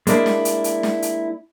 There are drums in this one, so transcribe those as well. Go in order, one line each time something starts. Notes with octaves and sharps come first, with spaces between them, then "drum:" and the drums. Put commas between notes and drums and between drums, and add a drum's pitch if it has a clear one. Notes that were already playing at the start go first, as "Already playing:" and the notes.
G#3 A#3 D4 E4, drum: hi-hat
drum: snare
drum: hi-hat
drum: hi-hat
drum: snare
drum: hi-hat